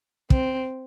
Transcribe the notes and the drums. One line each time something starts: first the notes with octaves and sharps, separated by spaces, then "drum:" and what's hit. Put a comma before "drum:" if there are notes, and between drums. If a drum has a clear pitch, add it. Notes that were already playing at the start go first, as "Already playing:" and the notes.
C4, drum: kick